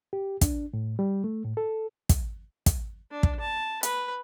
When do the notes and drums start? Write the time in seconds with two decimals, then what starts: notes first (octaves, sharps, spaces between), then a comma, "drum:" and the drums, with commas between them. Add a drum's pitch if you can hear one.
0.13 G4
0.41 D4, drum: kick, hi-hat
0.74 A2
0.99 G3
1.24 A3
1.44 A2
1.57 A4
2.09 drum: kick, hi-hat
2.66 drum: kick, hi-hat
3.11 D4
3.23 drum: kick
3.40 A5
3.83 B4, drum: hi-hat